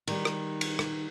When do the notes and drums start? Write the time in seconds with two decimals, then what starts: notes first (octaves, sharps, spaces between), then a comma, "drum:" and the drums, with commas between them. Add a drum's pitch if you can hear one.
0.07 D#3 G3, drum: cymbal
0.25 drum: rim click
0.61 drum: cymbal
0.79 drum: rim click